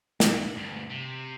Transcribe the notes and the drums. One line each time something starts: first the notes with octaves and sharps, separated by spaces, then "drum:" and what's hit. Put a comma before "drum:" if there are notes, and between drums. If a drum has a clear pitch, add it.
G2, drum: snare
D2 G2
C3